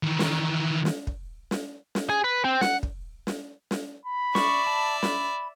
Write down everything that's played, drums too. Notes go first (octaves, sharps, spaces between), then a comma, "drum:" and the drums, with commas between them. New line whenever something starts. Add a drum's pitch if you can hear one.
D#3 E3
drum: snare
drum: snare
drum: kick
drum: snare
drum: snare
G#4
B4
C4
F#5, drum: snare
drum: kick
drum: snare
drum: snare
B5
D5 E5 C#6, drum: snare
A5
B5, drum: snare